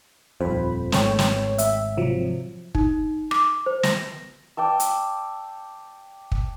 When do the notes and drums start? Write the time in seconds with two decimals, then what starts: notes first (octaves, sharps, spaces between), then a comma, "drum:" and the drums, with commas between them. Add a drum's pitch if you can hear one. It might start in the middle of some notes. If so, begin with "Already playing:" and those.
0.41 D#1 F2 C5 B5
0.92 G#1 A3 C#5 G5, drum: snare
1.19 drum: snare
1.58 E5, drum: hi-hat
1.97 C3 F3 F#3
2.75 D#4, drum: kick
3.31 D6, drum: rim click
3.66 C5
3.83 A#6, drum: snare
4.57 D5 G5 A5 E6
4.80 drum: hi-hat
6.32 drum: kick